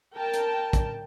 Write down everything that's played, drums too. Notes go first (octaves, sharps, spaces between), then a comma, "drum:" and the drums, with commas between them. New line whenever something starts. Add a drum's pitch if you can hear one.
A#4 G5 A5
drum: hi-hat
drum: kick, hi-hat